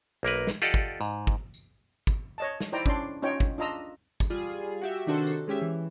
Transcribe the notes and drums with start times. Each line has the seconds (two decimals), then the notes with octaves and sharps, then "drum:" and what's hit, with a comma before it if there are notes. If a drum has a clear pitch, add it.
0.23 B1 A#3 A#4 B4
0.47 drum: snare
0.62 F4 G4 A4 D5 D#5 F#5
0.74 drum: kick
1.01 G#2, drum: tambourine
1.27 drum: kick
1.54 drum: tambourine
2.07 drum: kick, tambourine
2.38 C#5 D#5 A5
2.60 drum: snare
2.72 D#4 E4 C5 D5 G5 A#5
2.86 C#4 D4 D5 C6, drum: kick
3.23 C#4 D#4 F4 C#5 G5
3.40 drum: kick
3.58 D4 F4 D#5 A#5 E6
4.20 drum: kick, tambourine
4.30 G3 F4 G#4
4.81 F#4 G4 E5
5.06 C3 D#3 D4 F#4 A4 C5
5.27 drum: tambourine
5.48 G#3 C#4 G4 E5
5.62 E3